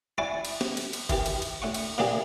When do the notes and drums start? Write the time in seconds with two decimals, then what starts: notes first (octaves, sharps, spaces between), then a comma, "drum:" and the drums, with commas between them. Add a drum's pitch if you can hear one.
0.18 E4 D5 F#5 G#5 C#6 D6
0.45 drum: cymbal
0.61 drum: snare
0.77 drum: cymbal
0.93 drum: cymbal
1.09 D#3 E3 G4, drum: kick F#1, cymbal
1.26 drum: cymbal
1.42 drum: cymbal
1.62 A2 F#5 C#6
1.74 drum: cymbal
1.98 A#2 E3 A#3 D4 G4 G#4